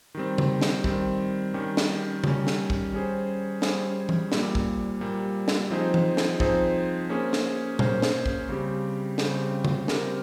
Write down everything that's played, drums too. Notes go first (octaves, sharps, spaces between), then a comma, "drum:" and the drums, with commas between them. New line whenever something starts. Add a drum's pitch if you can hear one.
D#3 G3 C4
drum: tom C#3
drum: snare
D#3 G3 C4, drum: kick
D#3 G3 C#4
drum: snare
D#3 G3 C#4, drum: tom C#3
drum: snare
drum: kick
G3 C#4 G#4 C5
G3 C#4 G#4 C5, drum: snare
drum: tom
A#2 G3 A#3, drum: snare
drum: kick
A#2 G3 A#3
drum: snare
F3 C4 D#4 G#4 C5
drum: tom
drum: snare
F3 C4 D#4 G#4 C5, drum: kick
A#3 C#4 G#4 C5
drum: snare
A#3 C#4 G#4 C5, drum: tom A#2
drum: snare
drum: kick
C#3 G3 C4 G4
C#3 G3 C4 G4, drum: snare
drum: tom C#3
G3 C4 G4 A#4, drum: snare